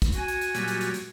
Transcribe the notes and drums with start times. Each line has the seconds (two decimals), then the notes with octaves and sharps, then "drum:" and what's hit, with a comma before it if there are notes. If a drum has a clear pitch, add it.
0.02 drum: kick, hi-hat
0.12 F#4 G#5, drum: hi-hat
0.28 drum: hi-hat
0.41 drum: hi-hat
0.55 A#2 F#3 G3, drum: hi-hat
0.68 drum: hi-hat
0.81 drum: hi-hat
0.94 drum: hi-hat